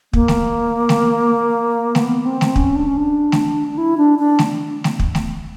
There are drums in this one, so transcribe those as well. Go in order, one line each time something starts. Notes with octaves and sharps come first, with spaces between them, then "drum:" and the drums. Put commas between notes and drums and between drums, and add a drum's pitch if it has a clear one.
A#3, drum: kick
drum: snare
drum: snare
B3, drum: snare
C4
drum: snare
C#4, drum: kick
D4
C#4
D4
drum: snare
E4
D4
D4
drum: snare
drum: snare
drum: kick
drum: snare